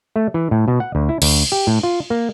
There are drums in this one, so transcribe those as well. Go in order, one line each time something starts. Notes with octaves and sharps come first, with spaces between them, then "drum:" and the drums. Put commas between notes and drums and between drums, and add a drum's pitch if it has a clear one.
A3
E3
A2
B2
F#5
D2
E4
D2, drum: cymbal
G4
A2
F4
A#3